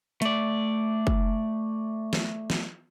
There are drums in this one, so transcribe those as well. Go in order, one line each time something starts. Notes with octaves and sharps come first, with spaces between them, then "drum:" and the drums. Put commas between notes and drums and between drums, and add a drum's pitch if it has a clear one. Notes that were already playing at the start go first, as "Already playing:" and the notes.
A3 D5, drum: hi-hat
drum: kick
drum: snare
drum: snare